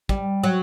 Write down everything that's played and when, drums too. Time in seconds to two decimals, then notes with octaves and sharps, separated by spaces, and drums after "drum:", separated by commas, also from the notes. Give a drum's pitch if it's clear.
0.09 G3, drum: kick
0.43 F#3